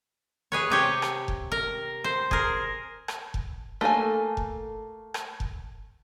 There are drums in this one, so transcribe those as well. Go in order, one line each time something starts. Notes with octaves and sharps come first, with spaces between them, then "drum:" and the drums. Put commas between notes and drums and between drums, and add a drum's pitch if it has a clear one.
G#4 B4 C#5
C3 G4 C#5
drum: rim click
drum: kick F1
A#4
C5
G#4 A#4, drum: kick F1
drum: rim click
drum: kick F1
A3 A#3 A4 G#5
drum: kick F1
drum: rim click
drum: kick F1